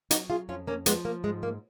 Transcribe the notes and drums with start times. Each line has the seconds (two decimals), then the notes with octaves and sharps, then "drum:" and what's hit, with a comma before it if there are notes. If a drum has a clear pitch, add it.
0.11 F#3 D#4 F#4, drum: hi-hat
0.30 F4 G#4
0.49 F2 C#4 F4
0.67 A#3 C#4
0.86 F3 G#3 B3, drum: hi-hat
1.05 A#3
1.24 G#2 G#3
1.43 A#3